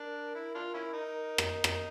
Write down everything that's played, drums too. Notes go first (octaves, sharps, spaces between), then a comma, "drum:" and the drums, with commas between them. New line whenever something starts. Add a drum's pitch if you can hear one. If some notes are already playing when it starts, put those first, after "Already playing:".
Already playing: D4 A#4
E4
D4 F4
C#4 E4
D#4
drum: rim click
drum: rim click